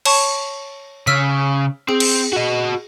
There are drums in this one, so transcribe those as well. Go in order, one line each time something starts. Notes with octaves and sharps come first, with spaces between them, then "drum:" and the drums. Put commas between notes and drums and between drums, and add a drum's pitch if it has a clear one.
C#5 A5 C#6, drum: cymbal
C#3 E6 F6 B6
C4 G#4
drum: cymbal
F#4 D#5